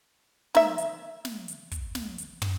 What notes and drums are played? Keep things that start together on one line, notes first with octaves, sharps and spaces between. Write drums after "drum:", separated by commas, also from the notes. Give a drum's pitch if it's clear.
D#4 E5, drum: snare
drum: hi-hat
drum: snare
drum: hi-hat
drum: kick, hi-hat
drum: snare
drum: hi-hat
drum: tom